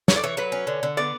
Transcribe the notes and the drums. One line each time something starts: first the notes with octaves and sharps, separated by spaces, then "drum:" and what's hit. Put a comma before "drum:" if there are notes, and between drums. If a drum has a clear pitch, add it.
E3 C#5, drum: snare
D5
E3 C#5
F#3 B4
C#4
D3
D3
B3 D5